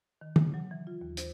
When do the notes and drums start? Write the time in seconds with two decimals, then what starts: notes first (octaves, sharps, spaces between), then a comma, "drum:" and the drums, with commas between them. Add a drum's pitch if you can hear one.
0.21 D#3
0.36 C#3, drum: tom
0.54 F#3
0.71 E3
0.87 F4
1.01 D#2
1.17 C5, drum: hi-hat